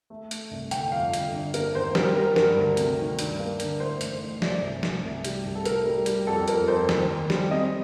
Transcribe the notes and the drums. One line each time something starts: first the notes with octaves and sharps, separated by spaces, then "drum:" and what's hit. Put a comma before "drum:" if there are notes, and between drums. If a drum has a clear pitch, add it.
A3
A3, drum: hi-hat
C2
G1 G5, drum: hi-hat
F2 F5
G1, drum: hi-hat
D3
A#3 A#4, drum: hi-hat
D#2 C5
G3 A#4, drum: snare
G3 A#4
G2 A#4, drum: snare
D2
C3, drum: hi-hat
D#3
G2, drum: hi-hat
A#3
D3, drum: hi-hat
A2 C5
A1, drum: hi-hat
A1
A3 D5, drum: snare
C2
A3, drum: snare
C2
G3, drum: hi-hat
C2
A4
A2 A#4, drum: hi-hat
G3
G3, drum: hi-hat
F2 A4
F2 A#4, drum: hi-hat
F2 C5
D#2, drum: snare
D#2
G3, drum: snare
C4 D#5